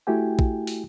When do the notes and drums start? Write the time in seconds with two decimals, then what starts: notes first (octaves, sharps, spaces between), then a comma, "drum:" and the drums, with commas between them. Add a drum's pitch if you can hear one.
0.07 A3 E4 F#4 G4 G5 G#5
0.39 drum: kick
0.67 drum: open hi-hat